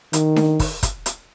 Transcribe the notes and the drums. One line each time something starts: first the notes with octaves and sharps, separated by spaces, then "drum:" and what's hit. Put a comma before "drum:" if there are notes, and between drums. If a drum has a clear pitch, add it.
D#3, drum: hi-hat
drum: snare D4
drum: kick, open hi-hat
drum: kick, hi-hat
drum: hi-hat